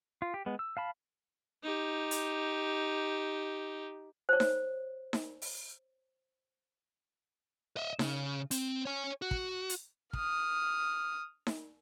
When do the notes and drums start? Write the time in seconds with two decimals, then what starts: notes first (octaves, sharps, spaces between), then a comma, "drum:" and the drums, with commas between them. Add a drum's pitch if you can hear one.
0.22 F4
0.34 G4
0.46 G#3 B3
0.59 E6
0.77 F5 A5 B5
1.64 D#4 G4
2.11 drum: hi-hat
4.29 C5 C#5
4.40 drum: snare D#4
5.13 drum: snare D#4
5.42 drum: open hi-hat
7.77 D#5 E5
7.99 C#3, drum: snare D#4
8.51 C4, drum: hi-hat
8.85 C#5 G#5
9.22 F#4
9.31 drum: kick
9.70 drum: hi-hat
10.13 D#6 F6, drum: kick
11.47 drum: snare D#4